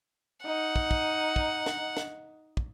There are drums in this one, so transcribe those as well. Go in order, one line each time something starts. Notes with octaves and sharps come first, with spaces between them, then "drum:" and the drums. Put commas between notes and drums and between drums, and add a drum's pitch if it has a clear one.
D#4 F#5
drum: kick
drum: kick
drum: kick
drum: snare
drum: snare
drum: kick